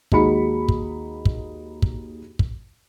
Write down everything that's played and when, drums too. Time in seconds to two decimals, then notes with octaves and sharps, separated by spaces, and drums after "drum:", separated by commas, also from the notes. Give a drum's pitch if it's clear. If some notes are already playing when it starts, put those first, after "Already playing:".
0.12 D#2 G#3 D#4 F#4 B5 C#7, drum: kick
0.69 drum: kick
1.25 drum: kick
1.82 drum: kick
2.39 drum: kick